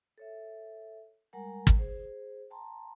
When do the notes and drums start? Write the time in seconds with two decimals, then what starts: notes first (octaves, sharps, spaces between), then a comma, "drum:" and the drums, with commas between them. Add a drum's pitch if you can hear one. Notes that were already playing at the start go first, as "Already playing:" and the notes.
0.18 A4 C#5 E5
1.33 G3 G#3 A#4 F#5 G#5 A#5
1.67 drum: kick
1.78 G#4 C5
2.50 G5 A5 A#5 C6